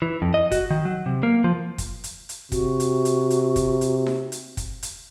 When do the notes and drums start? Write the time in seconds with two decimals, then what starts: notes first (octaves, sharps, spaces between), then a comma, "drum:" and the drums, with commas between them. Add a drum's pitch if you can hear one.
0.02 E3
0.22 F2
0.34 D#5
0.52 F#4, drum: kick, hi-hat
0.71 D#3
0.85 F#3
1.06 C3
1.23 A#3
1.44 F3
1.78 drum: kick, hi-hat
2.04 drum: hi-hat
2.29 drum: hi-hat
2.52 C3 F#4, drum: kick, hi-hat
2.80 drum: hi-hat
3.05 drum: hi-hat
3.30 drum: hi-hat
3.56 drum: kick, hi-hat
3.81 drum: hi-hat
4.06 drum: snare D#4
4.32 drum: hi-hat
4.57 drum: kick, hi-hat
4.83 drum: hi-hat